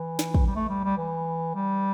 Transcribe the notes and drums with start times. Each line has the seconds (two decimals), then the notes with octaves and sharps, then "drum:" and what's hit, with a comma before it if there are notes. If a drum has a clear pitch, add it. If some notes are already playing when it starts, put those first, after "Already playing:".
Already playing: E3
0.19 drum: snare
0.34 drum: kick
0.47 G3
0.56 A3
0.69 G3
0.84 G3
0.98 E3
1.55 G3